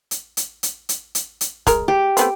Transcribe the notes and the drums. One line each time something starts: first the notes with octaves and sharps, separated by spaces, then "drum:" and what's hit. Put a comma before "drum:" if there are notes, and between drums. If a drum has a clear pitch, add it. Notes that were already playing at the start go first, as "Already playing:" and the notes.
drum: hi-hat
drum: hi-hat
drum: hi-hat
drum: hi-hat
drum: hi-hat
drum: hi-hat
G#3 A#4, drum: kick, hi-hat
G4
A3 B3 C4, drum: hi-hat